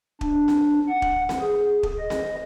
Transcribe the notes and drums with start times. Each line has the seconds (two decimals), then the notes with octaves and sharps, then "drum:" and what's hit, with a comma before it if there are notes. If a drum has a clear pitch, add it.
0.21 D4, drum: kick
0.48 drum: snare C4
0.89 F#5
1.02 drum: kick
1.29 drum: snare C4
1.41 G#4
1.83 drum: kick
1.99 D#5
2.10 drum: snare C4